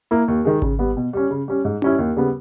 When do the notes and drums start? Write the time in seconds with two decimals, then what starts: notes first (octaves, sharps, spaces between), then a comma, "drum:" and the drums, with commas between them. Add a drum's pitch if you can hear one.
0.11 A#3 E4
0.28 D#2
0.45 D#3 G#3
0.62 C#3, drum: kick G#1
0.79 G3 B3
0.97 B2
1.13 G3 C#4
1.30 C#3
1.48 G3 C#4
1.65 G#2
1.82 G3 C#4 E4, drum: tom C#4
1.98 D#2
2.17 C#3 G3 B3